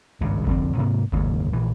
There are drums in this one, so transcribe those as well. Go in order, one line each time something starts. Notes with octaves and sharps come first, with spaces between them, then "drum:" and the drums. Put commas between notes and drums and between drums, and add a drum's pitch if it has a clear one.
G#1 C#2 G2 C#3
C2 F2 D3 C4, drum: kick G1
G#2 C3 A#3
F#1 D#2 G#2, drum: kick G1
A#1 E3